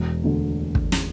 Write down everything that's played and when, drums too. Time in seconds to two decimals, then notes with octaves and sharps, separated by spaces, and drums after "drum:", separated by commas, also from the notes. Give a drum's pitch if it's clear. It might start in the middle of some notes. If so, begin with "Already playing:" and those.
Already playing: E1
0.23 D2 D3
0.75 drum: kick
0.92 drum: snare